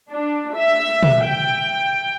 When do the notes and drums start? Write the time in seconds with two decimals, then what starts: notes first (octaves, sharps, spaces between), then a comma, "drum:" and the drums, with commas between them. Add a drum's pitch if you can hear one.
0.10 D4
0.55 E5
1.03 drum: tom
1.25 G5